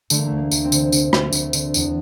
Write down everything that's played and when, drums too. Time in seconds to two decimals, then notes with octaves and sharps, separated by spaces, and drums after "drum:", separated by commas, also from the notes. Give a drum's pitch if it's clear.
0.10 D3 A3, drum: tambourine
0.18 A#3
0.27 D2 A3
0.38 A#3
0.52 D2, drum: tambourine
0.64 C4
0.72 D3, drum: tambourine
0.92 D3, drum: tambourine
1.13 D2, drum: rim click
1.33 D2, drum: tambourine
1.53 D3, drum: tambourine
1.74 E2, drum: tambourine